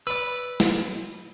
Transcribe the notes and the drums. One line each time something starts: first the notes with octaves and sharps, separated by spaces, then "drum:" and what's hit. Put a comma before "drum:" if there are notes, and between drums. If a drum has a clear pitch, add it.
B4 D5 B5 E6
drum: snare